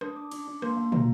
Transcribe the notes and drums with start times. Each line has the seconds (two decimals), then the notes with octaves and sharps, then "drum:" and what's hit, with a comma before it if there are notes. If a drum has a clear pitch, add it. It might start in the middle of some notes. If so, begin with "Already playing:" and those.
0.01 D4 D#6, drum: rim click
0.16 D4 D6
0.31 D4 D6, drum: cymbal
0.47 D4
0.62 A#3 C6, drum: rim click
0.77 A#3
0.92 A#3 A#5, drum: tom